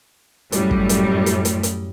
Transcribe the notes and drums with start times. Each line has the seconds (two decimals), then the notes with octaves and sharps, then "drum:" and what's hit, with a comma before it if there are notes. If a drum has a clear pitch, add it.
0.52 F#2 A2 G3, drum: hi-hat
0.71 drum: kick
0.89 drum: hi-hat
1.26 drum: hi-hat
1.45 drum: hi-hat
1.63 drum: hi-hat